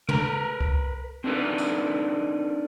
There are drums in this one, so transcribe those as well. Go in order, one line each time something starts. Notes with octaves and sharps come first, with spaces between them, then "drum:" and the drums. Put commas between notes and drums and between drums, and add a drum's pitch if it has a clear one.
A#4 B4 A#5, drum: tom
drum: kick C2
C4 D4 D#4 F#4 A#4 B4
drum: tambourine